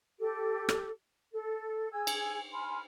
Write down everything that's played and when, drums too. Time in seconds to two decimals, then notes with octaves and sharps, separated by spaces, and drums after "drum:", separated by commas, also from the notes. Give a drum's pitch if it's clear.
0.19 G4 A4
0.69 drum: rim click
1.32 A4
1.91 G#4 G#5 E6 G#6
2.07 drum: cymbal
2.52 G#5 B5 C6 F6